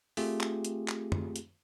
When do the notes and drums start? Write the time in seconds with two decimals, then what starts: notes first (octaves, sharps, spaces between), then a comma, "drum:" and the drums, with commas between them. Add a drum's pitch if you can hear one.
0.17 A3 C4 F4 G4 G#4, drum: open hi-hat
0.41 drum: clap
0.65 drum: hi-hat
0.88 drum: clap
1.12 drum: tom F#2
1.36 drum: hi-hat